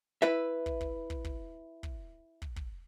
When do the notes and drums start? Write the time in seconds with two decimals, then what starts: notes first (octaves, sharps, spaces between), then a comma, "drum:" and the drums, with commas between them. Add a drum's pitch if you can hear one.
0.22 E4 B4 E5
0.66 drum: kick
0.81 drum: kick
1.10 drum: kick
1.24 drum: kick
1.83 drum: kick
2.42 drum: kick
2.56 drum: kick